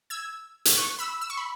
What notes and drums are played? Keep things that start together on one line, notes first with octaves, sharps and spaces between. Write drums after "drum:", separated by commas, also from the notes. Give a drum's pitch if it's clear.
E6 G#6
drum: hi-hat
C#6 F#6
B5 E6
E6
C#6
B5